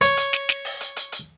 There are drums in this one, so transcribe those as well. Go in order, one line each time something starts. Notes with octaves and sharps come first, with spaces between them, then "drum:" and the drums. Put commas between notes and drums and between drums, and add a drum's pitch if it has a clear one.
C#5, drum: hi-hat
drum: hi-hat
drum: snare
drum: snare
drum: open hi-hat
drum: hi-hat
drum: hi-hat
drum: hi-hat